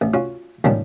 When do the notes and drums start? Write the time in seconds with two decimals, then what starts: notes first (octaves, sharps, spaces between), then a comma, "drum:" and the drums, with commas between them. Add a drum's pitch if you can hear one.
0.01 A1
0.14 C#4 F4 F#4
0.64 D#2 C#3 F3 G3 G#3 D4, drum: tom